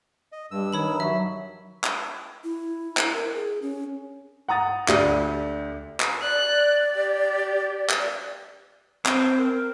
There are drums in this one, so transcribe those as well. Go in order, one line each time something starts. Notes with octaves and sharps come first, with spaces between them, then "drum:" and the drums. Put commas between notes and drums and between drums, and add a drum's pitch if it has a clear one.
D#5
G2 G3 E6
D#3 C#5 B5 F#7
F#3 E5
drum: clap
E4
drum: clap
A#4
G#4
C#4
F#5 A#5 D#6 A6
D2 G4 D5 D#7, drum: clap
drum: clap
D5 F#6
G4
drum: clap
C4 C5, drum: clap
A#4